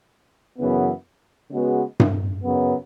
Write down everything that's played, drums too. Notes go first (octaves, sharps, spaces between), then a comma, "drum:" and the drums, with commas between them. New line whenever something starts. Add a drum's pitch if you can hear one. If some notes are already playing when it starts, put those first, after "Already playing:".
F#2 C#3 E3 B3
C#3 G#3 B3 F#4
drum: tom G2
F#2 C#3 F#3 B3